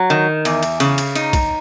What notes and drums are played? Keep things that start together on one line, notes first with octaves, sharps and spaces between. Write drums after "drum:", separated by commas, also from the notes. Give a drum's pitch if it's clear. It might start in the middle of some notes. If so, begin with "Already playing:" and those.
Already playing: F#3
D#3
E2, drum: cymbal
drum: cymbal
C#3, drum: cymbal
drum: cymbal
D#4, drum: cymbal
drum: kick, cymbal